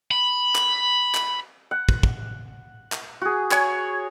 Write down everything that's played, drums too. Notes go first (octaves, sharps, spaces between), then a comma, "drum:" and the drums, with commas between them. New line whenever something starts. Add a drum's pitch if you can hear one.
B5
drum: clap
drum: clap
F#5
drum: kick
drum: kick
drum: clap
F#4 G#4
C#5 F#5 G#5 C#6, drum: clap